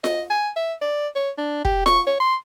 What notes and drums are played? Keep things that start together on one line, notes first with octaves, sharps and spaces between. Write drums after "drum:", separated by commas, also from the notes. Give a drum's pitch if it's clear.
D#5, drum: snare F4
G#5
E5
D5
C#5
D4
G4, drum: kick
C#6, drum: snare F4
C#5
C6